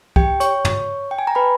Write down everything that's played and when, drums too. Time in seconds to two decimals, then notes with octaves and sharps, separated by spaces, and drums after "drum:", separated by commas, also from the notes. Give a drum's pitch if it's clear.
0.16 G4 G5, drum: kick C2
0.40 C#5 C#6, drum: hi-hat
0.65 drum: tom
1.11 G5
1.19 G#5
1.27 A#5
1.35 B4 B5